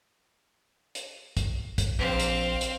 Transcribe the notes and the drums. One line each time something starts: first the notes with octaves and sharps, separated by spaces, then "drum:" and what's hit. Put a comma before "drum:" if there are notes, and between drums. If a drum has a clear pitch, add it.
drum: hi-hat
drum: kick, hi-hat
drum: kick, hi-hat
A#1 C4 F5
drum: hi-hat
drum: hi-hat